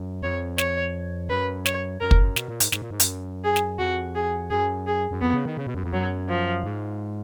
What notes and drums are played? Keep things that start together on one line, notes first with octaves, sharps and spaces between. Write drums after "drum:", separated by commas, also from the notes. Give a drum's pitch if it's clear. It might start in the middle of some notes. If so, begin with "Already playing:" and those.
Already playing: F#2
F2 C#5
C#5, drum: snare
F#2 B4
C#5, drum: snare
F#2 A#4
F2, drum: kick
F#2
B2, drum: snare
A#2
G#2, drum: hi-hat
G#2, drum: snare
A#2
G#2
F#2, drum: hi-hat
G#4
drum: snare
F2 F#4
G#4
F#2 G#4
G#4
F#2
F2 B3
C#3
D#3
C#3
B2
F#2
F2
F#2 F#3
F3
G#2